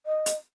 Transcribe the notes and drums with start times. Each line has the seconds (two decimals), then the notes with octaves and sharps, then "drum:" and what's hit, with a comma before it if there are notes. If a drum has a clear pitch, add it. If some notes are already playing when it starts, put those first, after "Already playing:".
0.06 D#5
0.26 drum: hi-hat